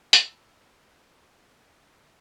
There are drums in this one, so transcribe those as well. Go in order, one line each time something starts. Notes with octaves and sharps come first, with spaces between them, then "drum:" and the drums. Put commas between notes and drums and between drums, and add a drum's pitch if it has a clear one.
B5 E6, drum: hi-hat